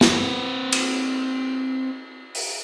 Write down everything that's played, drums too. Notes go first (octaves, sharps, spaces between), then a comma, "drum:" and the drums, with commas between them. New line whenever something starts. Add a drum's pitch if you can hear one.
C4 B4, drum: snare
drum: cymbal
drum: open hi-hat